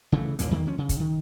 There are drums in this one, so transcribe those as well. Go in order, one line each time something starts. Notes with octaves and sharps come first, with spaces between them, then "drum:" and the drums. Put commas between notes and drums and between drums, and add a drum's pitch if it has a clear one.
C#3 E3 A3
G#1 D#2 A#2 A#3, drum: hi-hat
E2 D#3 E3 A#3
D2 F3 C#4
C#3
drum: kick, hi-hat
D#3